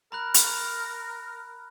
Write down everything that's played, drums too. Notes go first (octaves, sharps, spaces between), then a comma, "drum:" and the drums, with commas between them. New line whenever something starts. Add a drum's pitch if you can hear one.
A#4 A#5 B5 F#6
drum: hi-hat